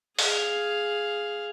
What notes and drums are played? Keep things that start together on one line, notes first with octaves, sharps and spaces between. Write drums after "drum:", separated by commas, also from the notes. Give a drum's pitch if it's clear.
G#4 F5, drum: open hi-hat